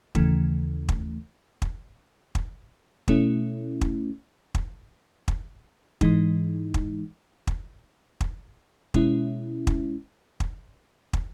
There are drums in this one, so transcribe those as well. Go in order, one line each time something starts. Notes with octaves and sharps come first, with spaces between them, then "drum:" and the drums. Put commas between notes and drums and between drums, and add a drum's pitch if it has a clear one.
D#2 C#3 E3 A3, drum: kick
drum: kick
drum: kick
drum: kick
B2 A3 C#4 E4, drum: kick
drum: kick
drum: kick
drum: kick
G#2 E3 G#3 D#4, drum: kick
drum: kick
drum: kick
drum: kick
B2 G#3 C#4 E4, drum: kick
drum: kick
drum: kick
drum: kick